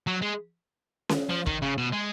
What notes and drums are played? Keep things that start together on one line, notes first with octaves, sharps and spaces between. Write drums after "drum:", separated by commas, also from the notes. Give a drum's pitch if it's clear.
F#3
G#3
drum: snare C#4
F3
D#3, drum: kick
C#3
B2
G#3